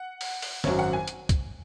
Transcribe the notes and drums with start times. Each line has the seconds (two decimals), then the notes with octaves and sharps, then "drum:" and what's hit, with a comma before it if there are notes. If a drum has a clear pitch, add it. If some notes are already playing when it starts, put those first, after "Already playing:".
Already playing: F#5
0.21 drum: open hi-hat
0.42 drum: open hi-hat
0.64 G#1 F#2 F#3 C#5, drum: snare
0.79 F#5
0.93 G#5
1.08 drum: hi-hat
1.29 drum: kick, hi-hat